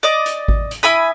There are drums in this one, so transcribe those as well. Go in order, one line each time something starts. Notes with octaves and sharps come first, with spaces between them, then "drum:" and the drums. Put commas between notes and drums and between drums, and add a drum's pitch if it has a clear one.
D5 D#5
drum: hi-hat
drum: kick G#1
drum: hi-hat
E4 G#5 B5 D#6